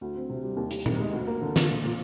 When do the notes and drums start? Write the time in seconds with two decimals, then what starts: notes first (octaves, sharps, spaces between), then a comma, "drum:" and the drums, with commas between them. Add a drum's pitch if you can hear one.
0.01 D2
0.15 C4
0.29 C3
0.43 G3
0.57 D#2
0.71 D#2, drum: hi-hat
0.86 D#3, drum: tom A#2
1.00 G#3
1.13 D2
1.27 A#3
1.41 D3
1.56 F3, drum: snare
1.69 A#2
1.84 A#2